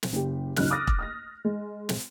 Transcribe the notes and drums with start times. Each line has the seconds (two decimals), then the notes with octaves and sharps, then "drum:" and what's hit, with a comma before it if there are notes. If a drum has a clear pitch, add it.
0.03 drum: snare
0.13 F#1 G4
0.56 C#2 F#2 F#3 D#4 F6 F#6, drum: snare
0.70 D6 D#6 F6 A6 A#6
0.87 drum: kick E1
0.99 D#6 F6 A#6
1.45 G#3
1.89 drum: snare